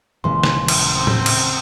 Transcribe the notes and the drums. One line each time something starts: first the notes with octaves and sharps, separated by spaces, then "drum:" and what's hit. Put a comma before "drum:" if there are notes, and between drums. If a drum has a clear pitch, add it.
D#1 D#2 C#3 E3 G#3 C6
drum: snare
drum: cymbal
C4
drum: tom A2
drum: cymbal